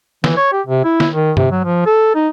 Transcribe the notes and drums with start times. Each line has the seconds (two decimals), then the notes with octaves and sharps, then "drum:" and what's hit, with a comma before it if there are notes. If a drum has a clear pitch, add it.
0.24 E3, drum: snare
0.37 C#5
0.52 G4
0.67 C3
0.84 E4
1.00 drum: snare
1.12 D#3
1.37 C3, drum: tom G2
1.52 F#3
1.64 F3
1.86 A4
2.15 D#4